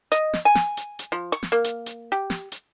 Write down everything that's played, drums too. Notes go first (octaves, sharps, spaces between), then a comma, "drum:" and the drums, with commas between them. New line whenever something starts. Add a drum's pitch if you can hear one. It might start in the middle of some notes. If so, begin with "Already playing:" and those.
D#5, drum: hi-hat
drum: snare
G#5
drum: snare
drum: hi-hat
drum: hi-hat
F3
C#6
drum: snare
A#3
drum: hi-hat
drum: hi-hat
G4
drum: snare
drum: hi-hat